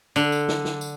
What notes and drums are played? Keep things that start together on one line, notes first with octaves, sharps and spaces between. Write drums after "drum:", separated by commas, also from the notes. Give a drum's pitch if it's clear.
D3, drum: tambourine
drum: tambourine
drum: snare
drum: snare
drum: tambourine